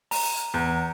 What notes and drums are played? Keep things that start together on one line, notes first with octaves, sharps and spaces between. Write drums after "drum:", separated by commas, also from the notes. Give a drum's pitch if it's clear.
A#5, drum: open hi-hat
E2